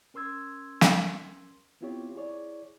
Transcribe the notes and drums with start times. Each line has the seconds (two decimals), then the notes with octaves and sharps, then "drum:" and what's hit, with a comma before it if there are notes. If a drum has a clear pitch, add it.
0.14 C#4 A#4 C6 E6 G#6
0.81 drum: snare
1.81 B3 C4 E4 F4 G4 C#5
2.15 E4 G#4 C#5 D5